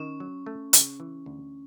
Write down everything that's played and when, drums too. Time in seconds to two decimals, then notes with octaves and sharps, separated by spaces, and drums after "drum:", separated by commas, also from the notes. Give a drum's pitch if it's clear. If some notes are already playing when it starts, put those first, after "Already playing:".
Already playing: D#3 C#4
0.20 F#3
0.46 A3
0.73 C#3, drum: hi-hat
1.00 E3
1.26 D2